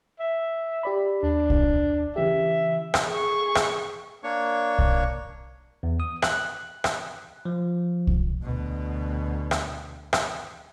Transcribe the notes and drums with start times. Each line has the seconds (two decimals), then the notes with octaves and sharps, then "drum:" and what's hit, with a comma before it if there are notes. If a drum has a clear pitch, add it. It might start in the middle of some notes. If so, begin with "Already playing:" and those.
0.20 E5
0.83 G4 D5 B5
1.23 D#2 D4
1.50 drum: kick
2.16 C#3 E3 G4 E5
2.94 drum: rim click
3.06 G#4 C#6
3.55 drum: rim click
4.23 A#3 D4 C#5 C#6
4.79 drum: kick
5.83 E2
6.00 D#6
6.22 F#6, drum: rim click
6.84 drum: rim click
7.45 F3
8.07 drum: kick
8.43 D2 B2
9.51 drum: rim click
10.13 drum: rim click